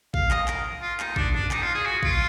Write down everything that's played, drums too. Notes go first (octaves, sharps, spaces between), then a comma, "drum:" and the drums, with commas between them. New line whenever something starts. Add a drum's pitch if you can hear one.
F5, drum: kick A1
D#5, drum: clap
A#4, drum: clap
F4
D#4, drum: clap
D4, drum: kick A1
D4, drum: tom E2
D#4, drum: clap
F4
G#4
F#4
F4, drum: kick A1